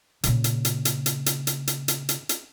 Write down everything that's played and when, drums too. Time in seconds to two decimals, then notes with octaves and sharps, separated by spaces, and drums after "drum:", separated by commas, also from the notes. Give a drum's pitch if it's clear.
0.24 A#2 C#3, drum: hi-hat
0.44 drum: hi-hat
0.65 drum: hi-hat
0.85 drum: hi-hat
1.06 drum: hi-hat
1.26 drum: hi-hat
1.47 drum: hi-hat
1.67 drum: hi-hat
1.88 drum: hi-hat
2.09 drum: hi-hat
2.29 drum: hi-hat